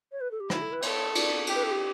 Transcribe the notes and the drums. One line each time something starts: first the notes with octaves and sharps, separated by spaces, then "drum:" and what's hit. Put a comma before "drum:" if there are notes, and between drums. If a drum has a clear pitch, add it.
C#5
B4
A4
G4
E4 F#4, drum: rim click
A4
B4
A4 C#5, drum: cymbal
D5, drum: cymbal
G4, drum: cymbal
B4
A4
G4